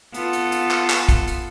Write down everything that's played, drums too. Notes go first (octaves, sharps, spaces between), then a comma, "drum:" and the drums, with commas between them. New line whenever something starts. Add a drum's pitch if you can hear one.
B3 F4 A4, drum: hi-hat
drum: hi-hat
drum: hi-hat
drum: clap
drum: clap
drum: kick, hi-hat
drum: hi-hat